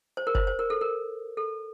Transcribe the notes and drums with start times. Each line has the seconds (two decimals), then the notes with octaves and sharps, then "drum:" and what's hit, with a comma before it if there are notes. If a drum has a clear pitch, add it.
0.17 C5
0.27 A#4
0.35 C5, drum: kick F#1
0.47 C5
0.59 A#4
0.70 A4
0.81 A#4
1.37 A4